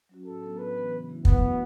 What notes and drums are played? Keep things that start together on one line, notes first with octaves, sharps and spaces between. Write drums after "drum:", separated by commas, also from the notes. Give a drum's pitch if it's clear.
F#3 C#4 F#4
A2 A4
F#3 B3 D4
A2 B4
E3 B3
C#3
E3 A3 E4
F#3 B3, drum: kick
A3 D4 F#4